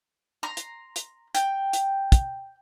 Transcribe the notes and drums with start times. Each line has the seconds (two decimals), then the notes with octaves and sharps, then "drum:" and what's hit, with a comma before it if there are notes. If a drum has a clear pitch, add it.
0.43 A#5 C6
0.57 drum: hi-hat
0.96 drum: hi-hat
1.35 G5, drum: hi-hat
1.73 drum: hi-hat
2.12 drum: kick, hi-hat